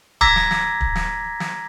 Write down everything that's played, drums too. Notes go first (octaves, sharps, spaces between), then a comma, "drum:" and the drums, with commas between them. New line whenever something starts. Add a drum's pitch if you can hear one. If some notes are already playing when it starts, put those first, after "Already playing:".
A#5 D6 E6 G#6 A#6 B6, drum: kick
drum: snare
drum: snare
drum: kick
drum: snare
drum: snare